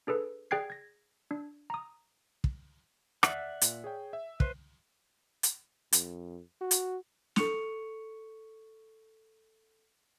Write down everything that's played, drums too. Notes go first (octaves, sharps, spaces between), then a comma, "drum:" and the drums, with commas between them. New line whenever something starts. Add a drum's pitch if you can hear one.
D4 G#4 A4 B4
G#4 D5 G5 F#6 G#6 C7
G#6 A#6
D4
A#5 D#6
drum: kick
D5 E5 F#5, drum: rim click
A#2, drum: hi-hat
G#4 C#5 G5
E5
B4 C5, drum: kick
drum: hi-hat
F2, drum: hi-hat
F#4
drum: hi-hat
A4 C#6 C#7 F7, drum: snare